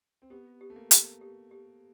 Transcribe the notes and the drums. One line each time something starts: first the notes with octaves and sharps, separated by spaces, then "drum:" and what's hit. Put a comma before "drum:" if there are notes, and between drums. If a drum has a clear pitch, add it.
C4
B3 G4
G4
A3
A#3
G4, drum: hi-hat
G4
G4